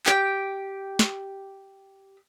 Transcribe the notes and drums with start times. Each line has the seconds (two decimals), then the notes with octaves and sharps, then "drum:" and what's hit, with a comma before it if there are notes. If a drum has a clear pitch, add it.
0.06 G4 G5, drum: clap
0.99 drum: snare